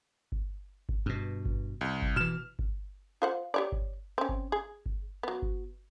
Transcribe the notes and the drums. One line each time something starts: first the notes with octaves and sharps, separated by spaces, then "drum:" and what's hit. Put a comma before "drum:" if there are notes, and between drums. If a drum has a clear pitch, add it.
drum: kick G1
drum: kick G1
G2 B2
drum: kick G1
C2
drum: kick G1
B2 E3 F6 E7
drum: kick G1
F4 C5 F#5
G4 C#5 D5
drum: kick G1
C4 C#4
drum: kick G1
G#4
drum: kick G1
F#3 B3
drum: kick G1